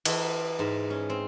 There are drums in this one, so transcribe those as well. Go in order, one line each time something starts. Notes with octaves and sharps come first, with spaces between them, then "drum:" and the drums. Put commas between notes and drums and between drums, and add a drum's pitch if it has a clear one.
E3, drum: cymbal
G#2
C#4
C4